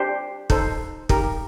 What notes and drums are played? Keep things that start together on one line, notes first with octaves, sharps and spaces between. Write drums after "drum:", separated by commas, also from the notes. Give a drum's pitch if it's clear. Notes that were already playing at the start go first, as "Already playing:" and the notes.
Already playing: D4 G4 C5
D#4 A4 C5, drum: kick
D#4 G4 A#4, drum: kick